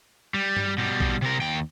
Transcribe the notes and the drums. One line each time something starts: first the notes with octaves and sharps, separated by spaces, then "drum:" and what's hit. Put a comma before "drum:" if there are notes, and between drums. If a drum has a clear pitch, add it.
G3
drum: tom G2
B2 G3
drum: kick A#1
C3 A#4
D#2 G5